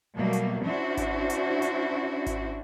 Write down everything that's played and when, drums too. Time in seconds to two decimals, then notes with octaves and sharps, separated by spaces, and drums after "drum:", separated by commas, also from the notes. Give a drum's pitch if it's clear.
0.17 B2 F#3 G3 A3 A#3
0.33 drum: hi-hat
0.64 C#4 D4 E4 F#4 C5
0.97 drum: kick G#1, hi-hat
1.30 drum: hi-hat
1.62 drum: hi-hat
2.26 drum: kick G#1, hi-hat